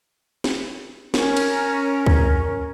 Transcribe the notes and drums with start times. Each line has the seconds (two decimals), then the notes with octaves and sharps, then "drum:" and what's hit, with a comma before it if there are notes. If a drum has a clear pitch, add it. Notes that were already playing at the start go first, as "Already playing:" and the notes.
0.44 drum: snare
1.14 C#4 A#4, drum: snare
1.37 drum: cymbal
2.06 drum: kick C#2